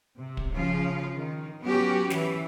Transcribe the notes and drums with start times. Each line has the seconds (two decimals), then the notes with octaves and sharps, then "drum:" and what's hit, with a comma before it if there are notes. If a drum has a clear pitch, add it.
0.18 C3
0.37 drum: kick
0.52 C#3 F3 F4
1.17 D#3
1.62 F#3 B3 C#4 F#4 G4
2.10 E3, drum: snare